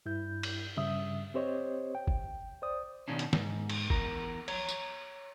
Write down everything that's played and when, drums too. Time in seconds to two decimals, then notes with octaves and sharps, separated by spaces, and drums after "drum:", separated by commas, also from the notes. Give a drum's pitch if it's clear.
0.06 G2 E4 G6
0.43 drum: cymbal
0.77 G2 C#3 G3 E5 D#6
1.34 C4 G4 C5 C#5 D#5
1.95 G5
2.07 drum: kick G1
2.62 C5 D5 D#6
3.08 B2 D#3 C#4 D4
3.19 drum: hi-hat
3.33 G#2, drum: snare
3.69 drum: cymbal
3.90 E2 A#4, drum: kick G1
4.48 C#5 A#5, drum: cymbal
4.69 drum: tambourine